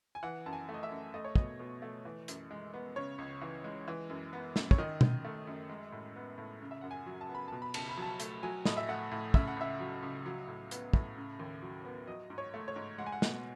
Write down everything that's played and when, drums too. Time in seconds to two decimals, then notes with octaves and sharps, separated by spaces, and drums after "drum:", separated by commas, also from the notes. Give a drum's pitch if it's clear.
0.15 G#5
0.23 E3 F#5
0.46 F#2 A5
0.53 G#5
0.69 A3
0.74 D#5
0.83 E5
0.91 F#2
1.14 A3 D#5
1.25 C#5
1.36 B2 D#5, drum: kick
1.60 B2
1.82 A3
2.05 E3
2.28 F#2, drum: hi-hat
2.51 G#3
2.74 B3
2.96 C#3 C#5
3.18 C#2
3.41 E3
3.64 G#3
3.88 E3
4.10 F#2
4.33 B3
4.56 F#2, drum: snare
4.71 C#5, drum: kick
4.78 D#3 D#5
5.01 F#2, drum: tom B2
5.25 A3
5.47 F#2
5.69 G#3
5.92 A2
6.16 B3
6.38 A2
6.61 C#3
6.71 E5
6.81 F#2 F#5
6.91 G#5
7.06 F#3
7.21 A5
7.29 B3
7.35 B5
7.48 B2 A5
7.62 B5
7.74 C#2 A5, drum: cymbal
7.89 B5
7.97 F#3 A5
8.20 A3, drum: hi-hat
8.43 F#3 G#5
8.65 A2 D#5, drum: snare
8.77 E5
8.89 A3 F#5
9.12 A2
9.34 C#3 E5, drum: kick
9.48 F#5
9.57 C#2 E5
9.80 F#3
10.03 C#2
10.26 F#3
10.48 A2
10.71 B3, drum: hi-hat
10.94 A2, drum: kick
11.17 C#3
11.39 D#2
11.62 F#3
11.85 B3
12.07 F#3 D#5
12.30 G#2
12.38 C#5
12.54 A3
12.68 C#5
12.76 G#2
12.98 G#3 F#5
13.06 G#5
13.12 F#5
13.22 B2, drum: snare